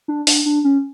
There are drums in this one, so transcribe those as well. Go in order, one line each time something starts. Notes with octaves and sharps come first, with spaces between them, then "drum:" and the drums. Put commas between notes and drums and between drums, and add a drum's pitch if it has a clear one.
D4
D4, drum: open hi-hat
D4
C#4